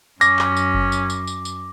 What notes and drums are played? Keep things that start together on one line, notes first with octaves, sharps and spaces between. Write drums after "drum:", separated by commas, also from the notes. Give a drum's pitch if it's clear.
F#2 C#4 D6 A#6, drum: tambourine
drum: clap
drum: tambourine
drum: kick F#1
drum: tambourine
drum: tambourine
drum: tambourine
drum: tambourine